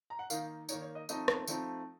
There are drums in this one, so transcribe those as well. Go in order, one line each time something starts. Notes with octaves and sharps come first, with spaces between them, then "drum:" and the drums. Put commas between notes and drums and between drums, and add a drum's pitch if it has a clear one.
A#5
F#5
D#3 A#3 D#4 F5, drum: tambourine
D#3 A#3 D#4 C#5, drum: tambourine
C#5
D#5
F3 A3 C4 D#4 D#5, drum: tambourine
drum: rim click
F3 A3 C4 D#4, drum: tambourine